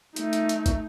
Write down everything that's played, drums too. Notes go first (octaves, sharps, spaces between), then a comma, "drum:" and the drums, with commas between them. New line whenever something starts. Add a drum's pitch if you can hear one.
A3 D#4, drum: hi-hat
drum: hi-hat
drum: hi-hat
drum: kick, hi-hat